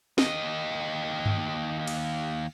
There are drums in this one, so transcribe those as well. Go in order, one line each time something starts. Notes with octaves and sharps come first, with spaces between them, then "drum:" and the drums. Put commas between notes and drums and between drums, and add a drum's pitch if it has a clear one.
D#2 D#5, drum: snare
drum: tom G2
drum: cymbal